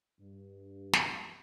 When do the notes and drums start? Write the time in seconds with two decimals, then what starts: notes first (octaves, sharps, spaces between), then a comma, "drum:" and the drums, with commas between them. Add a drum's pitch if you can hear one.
0.19 G2
0.93 drum: snare